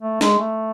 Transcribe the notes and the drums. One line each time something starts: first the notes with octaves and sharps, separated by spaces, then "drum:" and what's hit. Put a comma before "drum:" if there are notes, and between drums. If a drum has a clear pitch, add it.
A3
G#3, drum: snare
A3